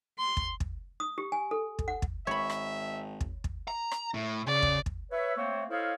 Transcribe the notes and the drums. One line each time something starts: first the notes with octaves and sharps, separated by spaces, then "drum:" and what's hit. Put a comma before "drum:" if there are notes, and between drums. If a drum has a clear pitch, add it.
C6
drum: kick
drum: kick
D#6
G4
G#5
A4
drum: kick
F#5
drum: kick
G#1 C#5 E5 B5
drum: rim click
drum: kick
drum: kick
A#5
drum: rim click
A2
C#3 D5
drum: kick
drum: kick
B4 C#5 E5
A3 A#3 C4 C#5
E4 A4 C5 C#5 D#5 F5